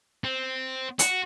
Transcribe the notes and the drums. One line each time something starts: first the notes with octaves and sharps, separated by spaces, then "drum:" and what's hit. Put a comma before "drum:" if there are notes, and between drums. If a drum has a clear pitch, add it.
C4
F#4, drum: hi-hat